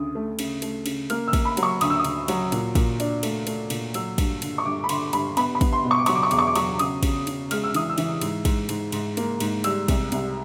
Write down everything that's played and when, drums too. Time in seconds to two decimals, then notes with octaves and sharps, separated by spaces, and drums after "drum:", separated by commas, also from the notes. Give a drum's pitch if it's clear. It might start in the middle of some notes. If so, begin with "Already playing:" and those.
Already playing: D2 C#3 D#6
0.15 A3
0.39 C#3, drum: cymbal
0.62 A3, drum: cymbal
0.86 C#3, drum: cymbal
1.10 A#3 F6, drum: cymbal
1.28 E6
1.33 A#3, drum: kick, cymbal
1.45 B5
1.57 F#3, drum: cymbal
1.63 C#6
1.81 D2 D#6, drum: cymbal
1.90 E6
1.99 D#6
2.05 D2, drum: cymbal
2.28 F#3, drum: cymbal
2.52 A#2, drum: cymbal
2.75 A#2, drum: kick, cymbal
3.00 D4, drum: cymbal
3.23 A3, drum: cymbal
3.47 A3, drum: cymbal
3.70 A#2, drum: cymbal
3.94 F#3 E6, drum: cymbal
4.18 G2, drum: kick, cymbal
4.42 D3, drum: cymbal
4.58 C#6
4.66 G2 D6
4.84 B5
4.89 D3 C6, drum: cymbal
5.13 G2 B5, drum: cymbal
5.37 B3 B5, drum: cymbal
5.55 B5
5.61 B3, drum: kick, cymbal
5.73 C6
5.85 B2
5.91 C#6
5.98 D6
6.06 F#3 C#6, drum: cymbal
6.15 D6
6.23 C#6
6.31 E2 D6, drum: cymbal
6.39 C#6
6.47 D6
6.55 F#3 C#6, drum: cymbal
6.79 C#3 D#6, drum: cymbal
7.03 C#3, drum: kick, cymbal
7.27 C#3, drum: cymbal
7.51 G#3 F6, drum: cymbal
7.64 E6
7.74 E3 D#6, drum: cymbal
7.90 E6
7.98 E3, drum: cymbal
8.21 G#2, drum: cymbal
8.45 G#2, drum: kick, cymbal
8.69 G#2, drum: cymbal
8.92 G#2, drum: cymbal
9.17 A#3, drum: cymbal
9.40 G#2, drum: cymbal
9.64 G3 E6, drum: cymbal
9.88 C2, drum: kick, cymbal
10.12 C2, drum: cymbal